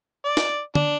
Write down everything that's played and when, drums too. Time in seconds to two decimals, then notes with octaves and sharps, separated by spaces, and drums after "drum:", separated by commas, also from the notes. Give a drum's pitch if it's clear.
0.25 D5
0.37 drum: snare
0.75 D4, drum: tom